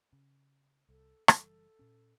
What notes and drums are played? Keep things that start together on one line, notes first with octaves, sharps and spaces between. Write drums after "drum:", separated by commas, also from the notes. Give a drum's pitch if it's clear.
C#3
C2 A4
F#1 E3 G3 A4, drum: rim click
A#2 C#4